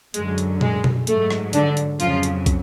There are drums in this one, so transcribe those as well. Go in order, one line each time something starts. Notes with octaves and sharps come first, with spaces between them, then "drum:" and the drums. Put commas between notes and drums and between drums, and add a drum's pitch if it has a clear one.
F#2 D3 F#3 G#3, drum: hi-hat
drum: hi-hat
G#3, drum: tom A#2
drum: tom B2
G#2 F#3 A3, drum: hi-hat
drum: rim click
D3 D4, drum: hi-hat
drum: hi-hat
F2 C#3 F3 F#3 F4, drum: hi-hat
drum: hi-hat
drum: kick, hi-hat